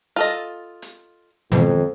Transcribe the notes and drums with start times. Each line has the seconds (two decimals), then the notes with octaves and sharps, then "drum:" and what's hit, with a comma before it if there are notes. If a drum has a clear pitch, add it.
0.16 F4 A4 D#5
0.82 drum: hi-hat
1.52 F2 G#2 B2 D#3, drum: tom D#3